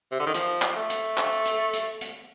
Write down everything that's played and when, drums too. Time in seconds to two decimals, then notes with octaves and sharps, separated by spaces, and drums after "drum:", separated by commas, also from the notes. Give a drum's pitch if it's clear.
0.12 C3
0.20 D3
0.26 D#3
0.34 F3, drum: hi-hat
0.62 drum: clap
0.76 A3
0.90 drum: hi-hat
1.18 drum: clap
1.46 drum: hi-hat
1.73 drum: hi-hat
2.01 drum: hi-hat